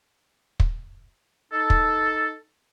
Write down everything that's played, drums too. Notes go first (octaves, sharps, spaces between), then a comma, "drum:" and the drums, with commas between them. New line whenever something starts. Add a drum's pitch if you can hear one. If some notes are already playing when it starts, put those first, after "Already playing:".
drum: kick
D#4 A4
drum: kick